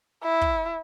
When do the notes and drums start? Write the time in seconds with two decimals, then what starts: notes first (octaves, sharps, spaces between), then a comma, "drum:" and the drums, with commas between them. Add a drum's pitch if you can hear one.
0.24 E4
0.41 drum: kick